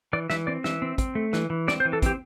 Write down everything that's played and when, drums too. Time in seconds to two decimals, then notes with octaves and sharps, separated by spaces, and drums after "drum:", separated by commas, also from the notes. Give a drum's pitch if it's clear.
0.13 E3 D5
0.30 E3 E5, drum: snare
0.47 C4 D5
0.64 E3 E5, drum: snare
0.82 C4
0.98 C4, drum: kick, hi-hat
1.15 A3
1.33 E3, drum: snare
1.50 E3
1.68 C4 D5, drum: snare
1.80 C5
1.85 E3
1.93 A4
2.02 C4 G4, drum: kick, hi-hat